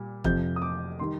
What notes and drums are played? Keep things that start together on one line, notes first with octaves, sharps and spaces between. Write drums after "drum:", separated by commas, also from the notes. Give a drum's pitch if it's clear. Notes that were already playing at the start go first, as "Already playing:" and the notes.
Already playing: A#2 G3
F2 C3 F3 G6, drum: kick
D#6
D6
D#3 G3 C6